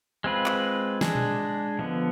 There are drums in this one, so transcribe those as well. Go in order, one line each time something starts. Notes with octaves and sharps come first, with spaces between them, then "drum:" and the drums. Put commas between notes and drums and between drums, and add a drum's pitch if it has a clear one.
G#3 C4 F4 B4
drum: clap
G#3 D4 G#4, drum: snare
drum: tom A#2
D3 F3 B3